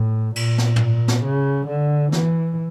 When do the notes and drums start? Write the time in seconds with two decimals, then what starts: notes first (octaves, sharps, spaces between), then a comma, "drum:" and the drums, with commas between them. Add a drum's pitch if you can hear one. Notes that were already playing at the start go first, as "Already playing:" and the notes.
Already playing: A2
0.36 A#2, drum: cymbal
0.58 drum: snare
0.76 drum: tom
1.08 drum: snare
1.24 C#3
1.68 D3
2.12 E3, drum: snare